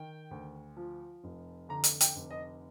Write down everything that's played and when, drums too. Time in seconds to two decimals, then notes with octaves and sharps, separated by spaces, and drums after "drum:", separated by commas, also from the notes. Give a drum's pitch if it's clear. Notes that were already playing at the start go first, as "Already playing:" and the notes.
Already playing: D#3 G5
0.31 D2
0.77 F3
1.24 F1
1.69 D3 A#5
1.84 drum: hi-hat
2.01 G5, drum: hi-hat
2.16 F1
2.31 D#5